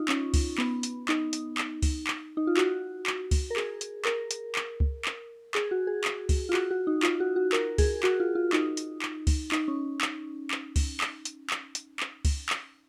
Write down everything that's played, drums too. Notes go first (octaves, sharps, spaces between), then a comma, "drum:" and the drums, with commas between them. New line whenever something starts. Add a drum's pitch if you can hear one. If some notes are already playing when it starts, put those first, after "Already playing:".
Already playing: D#4 F4
C#4, drum: clap
drum: kick C#2, open hi-hat
B3, drum: clap
drum: hi-hat
D#4, drum: clap
drum: hi-hat
drum: clap
drum: kick C#2, open hi-hat
drum: clap
D#4
F4
F#4, drum: clap
drum: clap
drum: kick C#2, open hi-hat
A#4
G#4, drum: clap
drum: hi-hat
A#4, drum: clap
drum: hi-hat
drum: clap
drum: kick C#2
drum: clap
G#4, drum: clap
F#4
G#4
drum: clap
drum: kick C#2, open hi-hat
F4
F#4, drum: clap
F#4
D#4
F4, drum: clap
F#4
F#4
A#4, drum: clap
G#4, drum: kick C#2, open hi-hat
F#4, drum: clap
F4
F4
D#4, drum: clap
drum: hi-hat
drum: clap
drum: kick C#2, open hi-hat
D#4, drum: clap
C#4
drum: clap
drum: clap
drum: kick C#2, open hi-hat
drum: clap
drum: hi-hat
drum: clap
drum: hi-hat
drum: clap
drum: kick C#2, open hi-hat
drum: clap